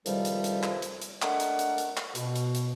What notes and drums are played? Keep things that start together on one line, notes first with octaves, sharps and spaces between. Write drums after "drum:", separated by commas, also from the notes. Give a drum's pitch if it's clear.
C#2 A2 C3 D#3 F3 G3, drum: hi-hat
drum: hi-hat
drum: hi-hat
drum: clap
drum: hi-hat
drum: hi-hat
A3 D4 A#4 D#5 F#5, drum: clap
drum: hi-hat
drum: hi-hat
drum: hi-hat
drum: clap
B2, drum: hi-hat
drum: hi-hat
drum: hi-hat